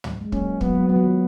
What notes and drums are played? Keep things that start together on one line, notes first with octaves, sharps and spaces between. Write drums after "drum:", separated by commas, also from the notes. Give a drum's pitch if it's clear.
drum: tom
G#3
F#3 A#3 C#4, drum: kick
F#3 B3, drum: kick
F#3
F#3 B3
F3
D#3
F3